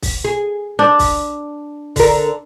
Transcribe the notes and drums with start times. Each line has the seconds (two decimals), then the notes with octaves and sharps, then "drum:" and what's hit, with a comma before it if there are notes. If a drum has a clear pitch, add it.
0.02 drum: kick, open hi-hat
0.25 G#4
0.79 D4
0.99 drum: kick, open hi-hat
1.96 D3 A#4, drum: kick, open hi-hat